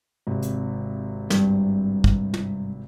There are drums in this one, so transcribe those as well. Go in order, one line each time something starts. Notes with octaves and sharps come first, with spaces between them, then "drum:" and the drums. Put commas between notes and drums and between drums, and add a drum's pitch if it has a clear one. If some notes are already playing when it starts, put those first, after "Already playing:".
G#1 C3
drum: hi-hat
G2, drum: snare
drum: kick
drum: tom